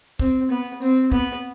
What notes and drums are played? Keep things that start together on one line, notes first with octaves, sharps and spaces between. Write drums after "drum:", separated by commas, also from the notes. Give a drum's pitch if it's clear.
C4, drum: kick, tambourine
B3
C4, drum: tambourine
B3, drum: kick